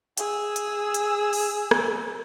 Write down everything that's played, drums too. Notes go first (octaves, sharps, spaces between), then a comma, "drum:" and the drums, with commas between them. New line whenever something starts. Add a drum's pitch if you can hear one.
G#4 E6, drum: hi-hat
drum: hi-hat
drum: hi-hat
drum: open hi-hat
drum: rim click